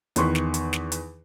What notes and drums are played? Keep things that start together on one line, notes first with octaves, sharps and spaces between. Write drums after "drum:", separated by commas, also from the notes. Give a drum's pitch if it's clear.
E2 D#3 B4 C6 C#6, drum: hi-hat
drum: snare
drum: hi-hat
drum: snare
drum: hi-hat